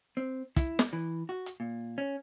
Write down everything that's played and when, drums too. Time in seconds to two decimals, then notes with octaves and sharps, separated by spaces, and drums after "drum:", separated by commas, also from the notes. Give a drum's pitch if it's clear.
0.17 C4
0.56 E4, drum: kick, hi-hat
0.79 drum: snare
0.93 E3
1.29 F#4
1.46 drum: hi-hat
1.60 A#2
1.98 C#4